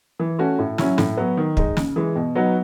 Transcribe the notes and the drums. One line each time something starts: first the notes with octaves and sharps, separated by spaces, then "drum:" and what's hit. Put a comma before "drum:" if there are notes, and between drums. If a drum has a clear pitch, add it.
E3
A3 C#4 F#4
A2
F#3 C#4 E4, drum: snare
A2, drum: snare
F#3 B3 F#4
D#3
G#3 D#4, drum: kick
C#3, drum: snare
E3 G#3
B2
F#3 B3 D#4 F#4